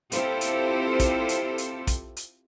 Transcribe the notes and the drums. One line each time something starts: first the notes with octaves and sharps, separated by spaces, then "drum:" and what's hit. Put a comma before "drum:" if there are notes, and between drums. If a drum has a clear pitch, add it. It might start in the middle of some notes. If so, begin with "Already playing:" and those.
C4 E4 F4 G4 A4 C5, drum: hi-hat
drum: hi-hat
drum: kick, hi-hat
drum: hi-hat
drum: hi-hat
drum: kick, hi-hat
drum: hi-hat